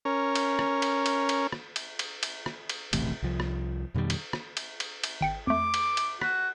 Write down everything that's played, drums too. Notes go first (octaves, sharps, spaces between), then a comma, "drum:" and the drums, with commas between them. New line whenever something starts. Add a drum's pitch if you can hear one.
C#4 A#4
drum: cymbal
drum: rim click
drum: cymbal
drum: cymbal
drum: cymbal
drum: rim click
drum: cymbal
drum: cymbal
drum: cymbal
drum: rim click
drum: cymbal
D#1 A1 A2 C3, drum: cymbal
C2 F3
drum: rim click
F2 B2 D#3 G3
drum: cymbal
drum: rim click
drum: cymbal
drum: cymbal
drum: cymbal
G#1 G5 C#7
F2 A3 D6
drum: cymbal
drum: cymbal
F#4 B6, drum: rim click